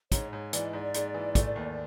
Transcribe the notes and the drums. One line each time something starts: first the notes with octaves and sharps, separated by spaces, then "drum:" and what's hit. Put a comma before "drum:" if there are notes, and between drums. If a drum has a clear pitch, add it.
G#2 C#5, drum: kick, hi-hat
G#2 C#5
E3 D5, drum: hi-hat
D#5
G#2 D5
G#2, drum: hi-hat
E3
A3, drum: kick, hi-hat
D#2